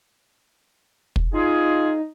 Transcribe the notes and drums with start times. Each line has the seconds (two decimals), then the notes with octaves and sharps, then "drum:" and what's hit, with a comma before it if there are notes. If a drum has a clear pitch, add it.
1.16 drum: kick
1.33 D#4 F4 G#4